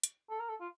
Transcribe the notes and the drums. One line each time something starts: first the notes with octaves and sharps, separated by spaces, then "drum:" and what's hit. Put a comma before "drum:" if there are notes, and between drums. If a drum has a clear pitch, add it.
drum: hi-hat
A4
A#4
A4
F4